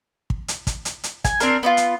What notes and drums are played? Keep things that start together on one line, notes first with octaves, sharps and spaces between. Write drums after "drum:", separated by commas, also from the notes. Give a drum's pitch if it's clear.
drum: kick
drum: hi-hat
drum: kick, hi-hat
drum: hi-hat
drum: hi-hat
G#5, drum: kick, hi-hat
C4 D4 A#4, drum: hi-hat
B3 D#4 F4
drum: hi-hat